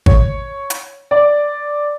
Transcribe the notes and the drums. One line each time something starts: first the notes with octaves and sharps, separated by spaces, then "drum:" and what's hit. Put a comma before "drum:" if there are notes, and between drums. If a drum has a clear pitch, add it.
C#5, drum: kick G#1
drum: hi-hat
D5